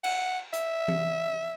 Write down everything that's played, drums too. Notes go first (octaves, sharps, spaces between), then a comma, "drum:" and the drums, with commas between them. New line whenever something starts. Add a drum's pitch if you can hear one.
F#5, drum: cymbal
E5, drum: hi-hat
drum: tom E3